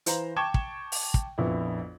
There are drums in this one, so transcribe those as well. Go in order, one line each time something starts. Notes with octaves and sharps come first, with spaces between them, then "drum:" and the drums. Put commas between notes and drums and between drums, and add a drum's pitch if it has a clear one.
E3 C5 F5 A#5, drum: hi-hat
G5 A5 C#6 D6 G#6 E7
drum: kick
drum: open hi-hat
drum: kick
A#1 F2 B3 E4